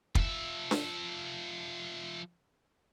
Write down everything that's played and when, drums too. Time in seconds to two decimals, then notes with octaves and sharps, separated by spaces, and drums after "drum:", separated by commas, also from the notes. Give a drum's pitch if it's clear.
0.15 F3 E5, drum: kick
0.71 drum: snare D4